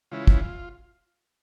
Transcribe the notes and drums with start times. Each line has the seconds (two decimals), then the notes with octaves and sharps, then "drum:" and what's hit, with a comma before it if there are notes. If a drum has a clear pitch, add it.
0.11 C#3 E3 G#3 C#4 E4 F4
0.27 drum: kick